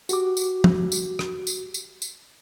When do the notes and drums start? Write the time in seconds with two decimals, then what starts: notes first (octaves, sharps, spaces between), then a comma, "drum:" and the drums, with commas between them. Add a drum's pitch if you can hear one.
0.09 F#4 G4 D6, drum: tambourine
0.37 drum: tambourine
0.64 drum: tom
0.92 drum: tambourine
1.19 drum: rim click
1.47 drum: tambourine
1.74 drum: tambourine
2.02 drum: tambourine